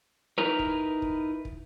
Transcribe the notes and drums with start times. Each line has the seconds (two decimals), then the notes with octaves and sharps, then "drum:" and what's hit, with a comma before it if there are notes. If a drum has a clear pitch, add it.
0.38 D#4 E4 A#4 B4
0.59 drum: kick
1.02 drum: kick
1.45 drum: kick